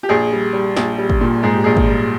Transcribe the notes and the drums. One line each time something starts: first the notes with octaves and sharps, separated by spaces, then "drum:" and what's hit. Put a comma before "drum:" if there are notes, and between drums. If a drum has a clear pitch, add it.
G4
A#1 G#4
G3
G3
A#1, drum: snare
G3
drum: kick
A#2
G#2 G#4
G4
A#1 G#4
drum: kick
G3